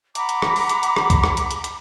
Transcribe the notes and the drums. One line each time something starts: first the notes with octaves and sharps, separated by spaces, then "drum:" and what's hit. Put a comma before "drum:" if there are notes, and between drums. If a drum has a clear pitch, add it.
F#5 A#5 B5 D6, drum: hi-hat
drum: hi-hat
drum: rim click
drum: open hi-hat
drum: hi-hat
drum: hi-hat
drum: rim click
drum: kick, hi-hat
drum: rim click
drum: hi-hat
drum: hi-hat
drum: hi-hat